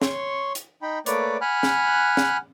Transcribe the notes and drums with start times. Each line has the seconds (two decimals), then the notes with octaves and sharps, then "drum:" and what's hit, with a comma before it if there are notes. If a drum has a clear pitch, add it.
0.02 C#5 C6 C#6, drum: snare
0.55 drum: hi-hat
0.82 D#4 G5 B5
1.06 A3 A#3 B4 C#5 D5 D6, drum: hi-hat
1.41 F#5 G#5 B5 F6 F#6
1.63 drum: snare
2.17 drum: snare